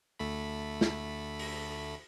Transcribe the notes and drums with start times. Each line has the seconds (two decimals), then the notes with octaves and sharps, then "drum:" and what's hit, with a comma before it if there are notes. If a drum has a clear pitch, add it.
0.19 D2 A3 B5
0.81 drum: snare
1.39 drum: open hi-hat